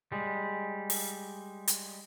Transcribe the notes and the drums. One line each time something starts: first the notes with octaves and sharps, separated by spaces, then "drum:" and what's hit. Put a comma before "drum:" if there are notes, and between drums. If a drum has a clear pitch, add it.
G3 G#3
drum: open hi-hat
drum: hi-hat